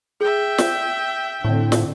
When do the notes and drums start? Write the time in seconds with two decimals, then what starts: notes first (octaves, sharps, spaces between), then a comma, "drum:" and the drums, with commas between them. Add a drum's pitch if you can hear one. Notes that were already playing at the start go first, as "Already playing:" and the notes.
0.21 G#4 E5 G5
0.58 drum: snare
1.45 A2 D3 C4
1.72 drum: snare